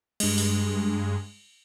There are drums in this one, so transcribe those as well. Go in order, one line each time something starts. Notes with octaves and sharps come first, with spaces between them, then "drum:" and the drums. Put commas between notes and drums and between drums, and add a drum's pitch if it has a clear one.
G2 G#3, drum: cymbal
drum: open hi-hat